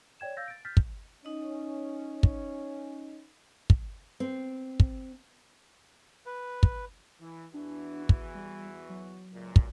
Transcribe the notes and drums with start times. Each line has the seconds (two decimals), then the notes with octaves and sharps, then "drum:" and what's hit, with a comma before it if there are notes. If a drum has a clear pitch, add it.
0.20 C#5 D5 G5 G#6 E7
0.37 F5 E6 G6 A6 A#6
0.48 A6 D7
0.65 F6 G6 A6 B6
0.77 drum: kick
1.25 C#4 D#4 D#5
2.23 drum: kick
3.70 drum: kick
4.20 C4
4.80 drum: kick
6.26 B4
6.63 drum: kick
7.21 E3
7.54 E2 E3 D4 F#4
8.09 drum: kick
8.35 G3
8.89 F#3
9.32 C#2 F#2 A#2
9.56 drum: kick